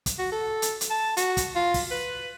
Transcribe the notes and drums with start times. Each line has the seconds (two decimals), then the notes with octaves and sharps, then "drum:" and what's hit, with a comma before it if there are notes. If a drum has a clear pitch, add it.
0.06 drum: kick, hi-hat
0.19 F#4
0.32 A4
0.62 drum: hi-hat
0.81 drum: hi-hat
0.90 A5
1.17 F#4, drum: hi-hat
1.37 drum: kick, hi-hat
1.56 F4
1.74 drum: kick, open hi-hat
1.91 B4